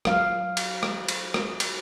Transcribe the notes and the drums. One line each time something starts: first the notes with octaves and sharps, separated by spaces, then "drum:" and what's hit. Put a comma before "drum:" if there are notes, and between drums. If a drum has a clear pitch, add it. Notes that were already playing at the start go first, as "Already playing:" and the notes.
F#3 F5, drum: rim click
drum: cymbal
drum: rim click
drum: cymbal
drum: rim click
drum: cymbal